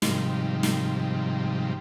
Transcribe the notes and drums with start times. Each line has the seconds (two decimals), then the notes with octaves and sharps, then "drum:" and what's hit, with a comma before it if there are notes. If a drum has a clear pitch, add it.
0.02 G#2 C3 D#3 F3 G3, drum: snare
0.63 drum: snare